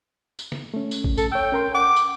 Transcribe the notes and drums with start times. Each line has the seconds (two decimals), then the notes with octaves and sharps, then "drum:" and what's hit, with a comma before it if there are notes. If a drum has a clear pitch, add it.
0.39 drum: tambourine
0.52 drum: snare
0.74 A3 C#4
0.91 drum: tambourine
1.04 drum: kick A1
1.18 A4, drum: tambourine
1.32 C#5 G5 E6
1.52 C#4 A#4 C6
1.74 F#5 D6
1.96 drum: tambourine